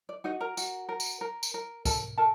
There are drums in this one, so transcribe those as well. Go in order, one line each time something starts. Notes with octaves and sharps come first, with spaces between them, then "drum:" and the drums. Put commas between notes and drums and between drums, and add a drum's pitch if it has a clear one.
D5
D#4 F#4 D#5
A#4 A#5
F#4, drum: tambourine
A#4
drum: tambourine
A#4
drum: tambourine
A#4
A4 A#4 A5, drum: kick C2, tambourine
A4 A#4 A5